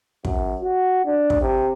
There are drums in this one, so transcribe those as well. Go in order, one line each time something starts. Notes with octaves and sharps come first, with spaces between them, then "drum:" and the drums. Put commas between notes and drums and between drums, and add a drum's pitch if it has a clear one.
F#2, drum: kick
F#4
D4
drum: kick
C3